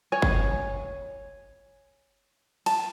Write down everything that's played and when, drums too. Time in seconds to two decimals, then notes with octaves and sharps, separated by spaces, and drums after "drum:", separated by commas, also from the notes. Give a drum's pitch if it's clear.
0.12 C#5 G#5
0.22 drum: kick F#1
2.66 A5, drum: cymbal